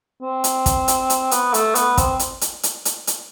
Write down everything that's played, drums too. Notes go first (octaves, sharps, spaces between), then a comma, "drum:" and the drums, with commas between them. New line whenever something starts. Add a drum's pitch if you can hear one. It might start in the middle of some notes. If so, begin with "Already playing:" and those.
C4
drum: hi-hat
drum: kick, hi-hat
drum: hi-hat
drum: hi-hat
B3, drum: hi-hat
A3, drum: hi-hat
B3, drum: hi-hat
C4, drum: kick, hi-hat
drum: hi-hat
drum: hi-hat
drum: hi-hat
drum: hi-hat
drum: hi-hat